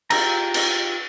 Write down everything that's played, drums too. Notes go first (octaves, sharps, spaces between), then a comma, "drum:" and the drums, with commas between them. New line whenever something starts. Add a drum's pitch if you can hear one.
F4 G4 A#5, drum: cymbal
drum: cymbal